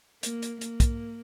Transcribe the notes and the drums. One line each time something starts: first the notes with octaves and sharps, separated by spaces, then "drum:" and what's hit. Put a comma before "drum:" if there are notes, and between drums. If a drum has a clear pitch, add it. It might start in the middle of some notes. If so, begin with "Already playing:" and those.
A#3, drum: hi-hat
drum: hi-hat
A#3, drum: hi-hat
drum: kick, hi-hat